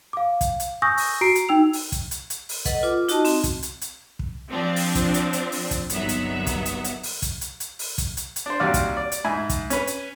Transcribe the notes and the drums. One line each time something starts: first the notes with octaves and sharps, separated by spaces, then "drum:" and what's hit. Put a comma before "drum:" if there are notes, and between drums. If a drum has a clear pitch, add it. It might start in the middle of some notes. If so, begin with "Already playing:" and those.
F5 D6
drum: kick, hi-hat
drum: hi-hat
G#5 C#6 D#6 E6 G6 A#6
drum: open hi-hat
F#4 A#5 C7 D7
drum: hi-hat
D#4 G5 E6 F7
drum: open hi-hat
drum: kick, hi-hat
drum: hi-hat
drum: hi-hat
drum: open hi-hat
A4 B4 D#5 F#5, drum: kick, hi-hat
F4 D6
D#4 F#4 D#5 A5, drum: hi-hat
C4, drum: open hi-hat
drum: kick, hi-hat
drum: hi-hat
drum: hi-hat
drum: kick
F3 C4 D4
drum: open hi-hat
drum: kick, hi-hat
drum: hi-hat
drum: hi-hat
drum: open hi-hat
drum: kick, hi-hat
G1 C2 F#3 B3 D#4 E5, drum: hi-hat
drum: hi-hat
drum: kick, hi-hat
drum: hi-hat
drum: hi-hat
drum: open hi-hat
drum: kick, hi-hat
drum: hi-hat
drum: hi-hat
drum: open hi-hat
drum: kick, hi-hat
drum: hi-hat
drum: hi-hat
D4 C5
D#2 C3 G3 F#4 D5 F5
drum: kick, hi-hat
D5
drum: hi-hat
G#2 E4 G#5 B5
drum: kick, hi-hat
C#4 B4, drum: hi-hat
drum: hi-hat